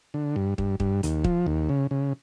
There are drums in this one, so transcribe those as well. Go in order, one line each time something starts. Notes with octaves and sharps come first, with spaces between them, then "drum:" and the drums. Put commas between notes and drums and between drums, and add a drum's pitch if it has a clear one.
D3
G2
G2, drum: kick
G2, drum: kick
D#2, drum: hi-hat
F3, drum: kick
D#2
C#3
C#3